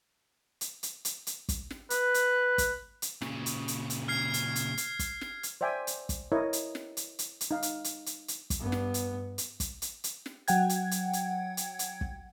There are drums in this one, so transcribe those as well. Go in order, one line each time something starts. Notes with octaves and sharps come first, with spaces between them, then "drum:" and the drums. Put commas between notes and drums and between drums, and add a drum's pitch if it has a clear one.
drum: hi-hat
drum: hi-hat
drum: hi-hat
drum: hi-hat
drum: kick, hi-hat
drum: snare
B4, drum: hi-hat
drum: hi-hat
drum: kick, hi-hat
drum: hi-hat
A#2 C#3, drum: snare
drum: hi-hat
drum: hi-hat
drum: hi-hat
F6 G#6 C7
drum: hi-hat
drum: hi-hat
drum: hi-hat
drum: kick, hi-hat
drum: snare
drum: hi-hat
C5 D5 E5 G5 G#5
drum: hi-hat
drum: kick, hi-hat
E4 A#4 C#5 D#5
drum: hi-hat
drum: snare
drum: hi-hat
drum: hi-hat
drum: hi-hat
D#4 F5
drum: hi-hat
drum: hi-hat
drum: hi-hat
drum: hi-hat
drum: kick, hi-hat
G2 B3
drum: snare
drum: hi-hat
drum: hi-hat
drum: kick, hi-hat
drum: hi-hat
drum: hi-hat
drum: snare
F#3 F#5 G5 G#6, drum: hi-hat
drum: hi-hat
drum: hi-hat
drum: hi-hat
drum: hi-hat
drum: hi-hat
drum: kick